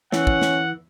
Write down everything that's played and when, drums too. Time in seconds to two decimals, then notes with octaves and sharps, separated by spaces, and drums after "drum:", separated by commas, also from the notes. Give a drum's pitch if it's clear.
0.12 E3 C#4 F#5, drum: snare
0.27 drum: kick
0.42 drum: snare